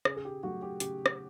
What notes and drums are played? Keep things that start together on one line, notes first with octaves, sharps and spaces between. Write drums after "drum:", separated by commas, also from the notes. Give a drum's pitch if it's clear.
C#3 G#4, drum: rim click
G#4
G4
F#3 A3 F#4
G4
C#3 G4, drum: hi-hat
drum: rim click